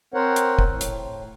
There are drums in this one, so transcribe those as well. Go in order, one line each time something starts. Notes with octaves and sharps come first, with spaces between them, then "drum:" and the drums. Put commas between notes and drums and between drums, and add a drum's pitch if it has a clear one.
C4 A#4 C5 C#5 F#5
drum: hi-hat
drum: kick
A2
drum: hi-hat